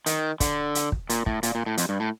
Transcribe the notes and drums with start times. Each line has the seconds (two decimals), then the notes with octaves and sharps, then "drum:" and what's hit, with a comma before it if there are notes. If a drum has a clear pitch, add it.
0.06 D#3, drum: hi-hat
0.40 D3, drum: kick, hi-hat
0.75 drum: hi-hat
0.92 drum: kick
1.10 A#2, drum: hi-hat
1.26 A2, drum: kick
1.43 A#2, drum: hi-hat
1.55 A#2
1.66 A2
1.78 F2, drum: hi-hat
1.89 G2
2.00 A2